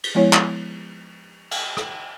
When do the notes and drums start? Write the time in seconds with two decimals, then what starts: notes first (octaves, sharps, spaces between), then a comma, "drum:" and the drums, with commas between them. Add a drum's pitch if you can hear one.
0.04 drum: cymbal
0.15 F3 G#3 B3 E4 C#5
0.33 drum: clap
1.51 drum: cymbal
1.77 drum: rim click